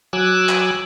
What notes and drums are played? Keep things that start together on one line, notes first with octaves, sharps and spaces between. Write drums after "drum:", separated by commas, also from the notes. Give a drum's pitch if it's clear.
F#3 G#5 D6 E6 F#6
drum: clap